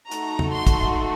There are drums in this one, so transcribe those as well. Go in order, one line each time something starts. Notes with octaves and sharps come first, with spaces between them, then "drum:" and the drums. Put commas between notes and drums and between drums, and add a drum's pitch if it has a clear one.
A3 D#4 F#4 A4 A#5, drum: hi-hat
drum: tom E2
C6
drum: kick, hi-hat